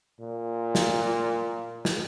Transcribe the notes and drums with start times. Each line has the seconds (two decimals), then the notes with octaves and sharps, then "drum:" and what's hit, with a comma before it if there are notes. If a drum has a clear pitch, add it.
0.20 A#2
0.75 drum: snare
1.85 drum: snare